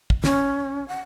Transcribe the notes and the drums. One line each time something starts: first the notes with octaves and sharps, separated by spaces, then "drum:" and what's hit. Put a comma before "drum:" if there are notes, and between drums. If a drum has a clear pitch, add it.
drum: kick
C#4, drum: snare
F#5